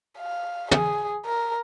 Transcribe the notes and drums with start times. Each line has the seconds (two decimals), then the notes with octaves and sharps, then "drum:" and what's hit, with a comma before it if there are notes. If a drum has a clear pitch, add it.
0.18 F5
0.71 G#4, drum: tom
1.26 A#4